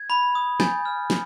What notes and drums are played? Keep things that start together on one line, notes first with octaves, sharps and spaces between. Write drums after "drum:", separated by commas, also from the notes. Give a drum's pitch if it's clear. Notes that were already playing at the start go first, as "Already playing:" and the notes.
Already playing: G#6
B5
D#6
G#5 G6 A6, drum: snare
F6
drum: snare